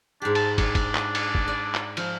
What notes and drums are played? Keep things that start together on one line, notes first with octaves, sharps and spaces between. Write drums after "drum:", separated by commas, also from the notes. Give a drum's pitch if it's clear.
G#2 D4 G4
A5, drum: cymbal
D4, drum: kick, cymbal
drum: kick, cymbal
drum: clap
drum: cymbal
drum: kick
D5
drum: clap
F3, drum: cymbal